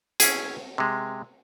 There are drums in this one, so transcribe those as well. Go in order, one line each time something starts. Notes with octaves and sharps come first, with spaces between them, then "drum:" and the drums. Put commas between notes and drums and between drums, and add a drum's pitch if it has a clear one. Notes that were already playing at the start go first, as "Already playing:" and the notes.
C#4 E4 G#4, drum: hi-hat
C3 G#3